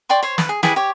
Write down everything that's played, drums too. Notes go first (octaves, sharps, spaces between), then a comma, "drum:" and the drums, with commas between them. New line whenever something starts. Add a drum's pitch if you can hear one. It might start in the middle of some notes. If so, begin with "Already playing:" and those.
D5 G5 C6 C#6
C5 C#5
B4, drum: snare
G#4
E4 G4 G#4 B4, drum: snare
G4 C#5